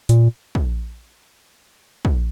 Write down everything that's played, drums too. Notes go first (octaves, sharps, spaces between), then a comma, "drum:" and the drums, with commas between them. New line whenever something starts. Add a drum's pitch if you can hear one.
A#2, drum: hi-hat
drum: kick
drum: kick